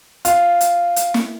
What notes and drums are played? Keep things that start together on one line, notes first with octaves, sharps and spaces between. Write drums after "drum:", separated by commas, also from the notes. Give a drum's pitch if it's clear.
F4, drum: hi-hat
drum: hi-hat
drum: hi-hat
drum: snare